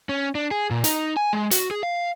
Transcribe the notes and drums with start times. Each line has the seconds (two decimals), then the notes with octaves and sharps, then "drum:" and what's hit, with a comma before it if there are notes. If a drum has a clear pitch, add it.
0.09 C#4
0.35 D4
0.51 G#4
0.70 A#2
0.84 D#4, drum: hi-hat
1.17 G#5
1.33 G#3
1.51 F#4, drum: hi-hat
1.71 G#4
1.83 F5